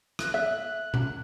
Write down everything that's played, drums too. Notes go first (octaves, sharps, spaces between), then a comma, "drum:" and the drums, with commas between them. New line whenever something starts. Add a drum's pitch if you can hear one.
F#6, drum: rim click
E5
drum: tom B2